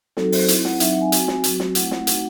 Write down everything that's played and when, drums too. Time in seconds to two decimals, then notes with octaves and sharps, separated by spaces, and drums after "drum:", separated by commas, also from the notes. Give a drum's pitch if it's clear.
0.17 F#3 C4 D#4 F#4 A4, drum: snare
0.32 C5, drum: open hi-hat
0.48 C4 E4, drum: hi-hat
0.65 F#5, drum: snare
0.80 F#3 C4 D#4 E5, drum: hi-hat
0.91 F#5
1.01 G#5
1.12 C4 F#4, drum: hi-hat
1.28 drum: snare
1.44 F#3 C4 F#4, drum: hi-hat
1.60 drum: snare
1.75 A3 C4 E4 F#5, drum: hi-hat
1.91 drum: snare
2.07 A3 C4 D#4 F#4 F#5, drum: hi-hat